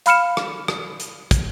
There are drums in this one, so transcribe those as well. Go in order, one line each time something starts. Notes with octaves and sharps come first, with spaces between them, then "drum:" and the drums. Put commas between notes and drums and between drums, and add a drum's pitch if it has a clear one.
F5 B5 F6 C#7 E7, drum: hi-hat
drum: rim click
drum: rim click
drum: hi-hat
drum: kick, hi-hat